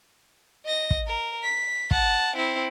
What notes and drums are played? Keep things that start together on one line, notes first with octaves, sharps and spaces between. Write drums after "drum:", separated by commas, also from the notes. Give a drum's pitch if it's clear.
D#5 A#6
drum: kick
A#4
B6
F#5 A5, drum: kick
C4 E4